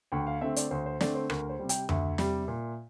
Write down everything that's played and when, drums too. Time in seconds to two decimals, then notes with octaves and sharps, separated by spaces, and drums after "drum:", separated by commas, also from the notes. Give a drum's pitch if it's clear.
0.12 D2 G5
0.27 F5
0.41 D3 A3 C4 E5
0.56 D5, drum: hi-hat
0.71 D2 C5
0.86 C5
1.01 D3 A3 C4 D5, drum: snare
1.15 C5
1.30 D2 A#4, drum: rim click
1.49 C5
1.59 C3 G3
1.69 G5, drum: hi-hat
1.89 D2 E5, drum: tom F2
2.18 C3 G3, drum: snare
2.48 A#2